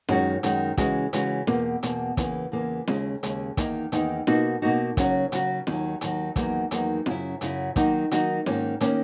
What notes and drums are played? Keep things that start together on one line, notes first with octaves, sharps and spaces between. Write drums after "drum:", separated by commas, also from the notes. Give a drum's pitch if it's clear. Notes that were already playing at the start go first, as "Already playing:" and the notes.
F#2 D#3 G#3 C#4 F#4, drum: snare
F#2 D#3 G#3 C#4 F#4, drum: hi-hat
C#3 E3 G#3 C#4 F#4, drum: kick, hi-hat
C#3 E3 G#3 C#4 F#4, drum: hi-hat
E2 B2 A#3, drum: snare
E2 B2 A#3, drum: hi-hat
E2 C#3 E3 A#3, drum: kick, hi-hat
E2 C#3 E3 A#3
D#2 C#3 G#3 C#4, drum: snare
D#2 C#3 G#3 C#4, drum: hi-hat
E2 D#3 A#3 D#4, drum: kick, hi-hat
E2 D#3 A#3 D#4, drum: hi-hat
B2 A#3 D#4 F#4, drum: snare
B2 A#3 D#4 F#4
C#3 F#3 C#4 F#4, drum: kick, hi-hat
C#3 F#3 C#4 F#4, drum: hi-hat
D#2 D#3 F#3, drum: snare
D#2 D#3 F#3, drum: hi-hat
E2 D#3 F#3 A#3 D#4, drum: kick, hi-hat
E2 D#3 F#3 A#3 D#4, drum: hi-hat
F#2 C#3 F#3 C#4 E4, drum: snare
F#2 C#3 F#3 C#4 E4, drum: hi-hat
D#3 F#3 A#3 D#4 F#4, drum: kick, hi-hat
D#3 F#3 A#3 D#4 F#4, drum: hi-hat
G#2 D#3 A#3 C#4, drum: snare
D#3 A#3 C#4, drum: hi-hat